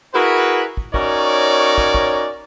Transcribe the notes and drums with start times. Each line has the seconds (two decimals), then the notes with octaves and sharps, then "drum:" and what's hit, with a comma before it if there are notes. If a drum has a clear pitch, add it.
0.15 E4 F#4 G#4 A#4 B4
0.77 drum: kick
0.94 C#4 D#4 F#4 A#4 C#5 D5, drum: kick
1.78 drum: kick
1.94 drum: kick